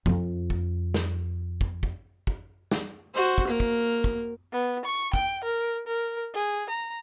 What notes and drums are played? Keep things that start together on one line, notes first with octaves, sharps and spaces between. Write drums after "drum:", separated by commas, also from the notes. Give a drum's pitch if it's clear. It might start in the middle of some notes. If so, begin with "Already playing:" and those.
F2 F4, drum: kick
drum: kick
drum: snare
drum: kick
drum: kick
drum: kick
drum: snare
F#4 C5
drum: kick
A#3 A#4
drum: kick
drum: kick
B3
C#6
G5, drum: kick
A#4
A#4
G#4
A#5